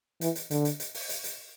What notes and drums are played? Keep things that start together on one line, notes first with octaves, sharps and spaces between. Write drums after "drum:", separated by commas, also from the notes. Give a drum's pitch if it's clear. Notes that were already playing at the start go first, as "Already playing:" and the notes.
E3, drum: hi-hat
drum: hi-hat
D3, drum: hi-hat
drum: hi-hat
drum: hi-hat
drum: open hi-hat
drum: hi-hat
drum: hi-hat